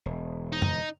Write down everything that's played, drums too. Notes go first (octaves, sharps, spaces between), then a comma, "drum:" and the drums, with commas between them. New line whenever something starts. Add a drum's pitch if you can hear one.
E1
D#4
drum: tom